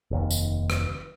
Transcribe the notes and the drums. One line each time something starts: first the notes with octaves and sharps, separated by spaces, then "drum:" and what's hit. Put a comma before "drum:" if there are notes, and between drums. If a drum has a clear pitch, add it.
F1 D#2
drum: tambourine
drum: rim click